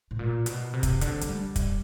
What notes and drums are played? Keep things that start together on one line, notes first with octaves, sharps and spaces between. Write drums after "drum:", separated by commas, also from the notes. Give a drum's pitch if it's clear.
A2
A#2
B2, drum: hi-hat
C3
drum: kick, hi-hat
D3, drum: hi-hat
G#3, drum: hi-hat
G3
drum: kick, hi-hat